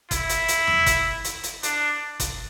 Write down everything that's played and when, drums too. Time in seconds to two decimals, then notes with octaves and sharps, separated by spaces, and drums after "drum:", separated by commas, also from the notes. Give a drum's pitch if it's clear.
0.11 E4, drum: kick F#1, hi-hat
0.29 drum: hi-hat
0.48 drum: hi-hat
0.67 drum: tom E2
0.86 drum: kick F#1, hi-hat
1.24 drum: hi-hat
1.43 drum: hi-hat
1.63 D4, drum: hi-hat
2.20 drum: kick F#1, hi-hat